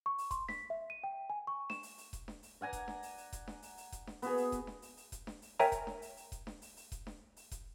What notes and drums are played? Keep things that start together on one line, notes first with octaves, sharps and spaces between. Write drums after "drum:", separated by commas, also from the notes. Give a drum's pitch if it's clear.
C#6
drum: open hi-hat
C6, drum: kick E1, hi-hat
B6, drum: snare D4
E5
D#7
G5
G#5
C#6
E7, drum: snare D4
drum: open hi-hat
drum: open hi-hat
drum: kick E1, hi-hat
drum: snare D4
drum: open hi-hat
D5 F#5 G#5 A#5
drum: kick E1, hi-hat
drum: snare D4
drum: open hi-hat
drum: open hi-hat
drum: kick E1, hi-hat
drum: snare D4
drum: open hi-hat
drum: open hi-hat
drum: kick E1, hi-hat
drum: snare D4
B3 F#4 G#4, drum: open hi-hat
drum: open hi-hat
drum: kick E1, hi-hat
drum: snare D4
drum: open hi-hat
drum: open hi-hat
drum: kick E1, hi-hat
drum: snare D4
drum: open hi-hat
A#4 C#5 E5 G5 G#5 A#5, drum: open hi-hat
drum: kick E1, hi-hat
drum: snare D4
drum: open hi-hat
drum: open hi-hat
drum: kick E1, hi-hat
drum: snare D4
drum: open hi-hat
drum: open hi-hat
drum: kick E1, hi-hat
drum: snare D4
drum: open hi-hat
drum: kick E1, hi-hat